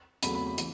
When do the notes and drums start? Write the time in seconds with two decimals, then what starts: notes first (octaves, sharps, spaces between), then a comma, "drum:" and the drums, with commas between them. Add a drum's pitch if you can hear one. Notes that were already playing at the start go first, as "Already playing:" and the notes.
0.23 E2 C#3 F#3 A3 C4 B5, drum: hi-hat
0.35 B5
0.47 B5
0.58 E3, drum: hi-hat